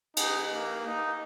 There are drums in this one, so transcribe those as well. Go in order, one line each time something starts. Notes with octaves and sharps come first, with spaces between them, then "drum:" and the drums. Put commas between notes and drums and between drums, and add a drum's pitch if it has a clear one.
D#4, drum: cymbal
A#3
D#4